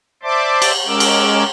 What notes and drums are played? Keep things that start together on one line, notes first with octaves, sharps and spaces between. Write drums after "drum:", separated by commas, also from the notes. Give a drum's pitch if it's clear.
C5 D5 E5 A5 C6 D6
drum: cymbal
G#3 C#4 A#4 D6 E6
drum: cymbal